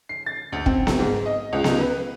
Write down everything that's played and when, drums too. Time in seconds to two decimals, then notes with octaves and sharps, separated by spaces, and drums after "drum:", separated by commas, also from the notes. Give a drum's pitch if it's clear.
0.09 C7
0.26 A6
0.53 D2
0.66 C4, drum: kick
0.87 drum: snare B3
0.99 G#2
1.26 D#5
1.53 C#2
1.64 drum: snare B3
1.80 B4